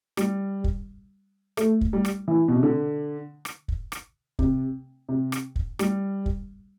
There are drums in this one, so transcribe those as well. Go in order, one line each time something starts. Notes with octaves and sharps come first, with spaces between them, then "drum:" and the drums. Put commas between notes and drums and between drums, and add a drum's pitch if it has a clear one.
G3, drum: rim click
drum: kick
A3, drum: rim click
drum: kick
G3
drum: rim click
E3
B2
C3
D3
drum: rim click
drum: kick
drum: rim click
C3, drum: kick
C3
drum: rim click
drum: kick
G3, drum: rim click
drum: kick